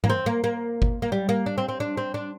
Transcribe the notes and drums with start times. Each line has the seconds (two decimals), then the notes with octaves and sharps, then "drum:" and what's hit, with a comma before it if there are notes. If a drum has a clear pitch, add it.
0.04 A#3, drum: tom G#2
0.10 C4
0.26 A#3
0.44 A#3
0.82 drum: kick G1
1.02 A#3
1.12 G3
1.29 A#3
1.46 D4
1.58 C4
1.69 C4
1.80 D4
1.97 C4
2.14 D4